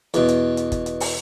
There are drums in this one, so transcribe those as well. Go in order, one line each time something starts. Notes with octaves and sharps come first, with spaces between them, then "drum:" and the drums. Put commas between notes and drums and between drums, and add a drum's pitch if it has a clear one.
E2 B2, drum: hi-hat
drum: hi-hat
drum: hi-hat
drum: kick, hi-hat
drum: hi-hat
drum: open hi-hat